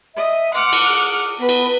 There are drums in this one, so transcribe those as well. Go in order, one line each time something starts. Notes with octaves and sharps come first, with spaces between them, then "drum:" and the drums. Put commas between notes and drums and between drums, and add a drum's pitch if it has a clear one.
D#5 E5
F#5 C6 D6 F6
drum: cymbal
G#4
B3 B4
drum: cymbal